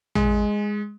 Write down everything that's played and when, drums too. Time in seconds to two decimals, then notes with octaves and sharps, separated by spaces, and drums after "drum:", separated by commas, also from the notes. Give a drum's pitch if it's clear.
0.15 G#3, drum: tom